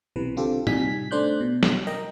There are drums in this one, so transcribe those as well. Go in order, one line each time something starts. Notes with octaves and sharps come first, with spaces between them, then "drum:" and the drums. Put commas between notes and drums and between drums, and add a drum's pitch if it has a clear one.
B1 C3 E3 B4
D3 C4 F4 G4 A4
C3 G3 D#4 G#5 B6, drum: tom A2
A3 D4 C5 D5 F#6 G6
B2
drum: snare
A#4 D#5 G5 A#5